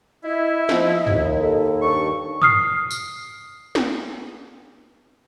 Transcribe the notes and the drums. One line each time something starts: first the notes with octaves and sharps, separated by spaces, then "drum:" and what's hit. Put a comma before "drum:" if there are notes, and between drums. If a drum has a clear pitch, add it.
E4 D#5
F3 D#5, drum: snare
D#2, drum: tom
A4
G2 D4 C#6
D#6 F6 C7, drum: tom
drum: tambourine
drum: snare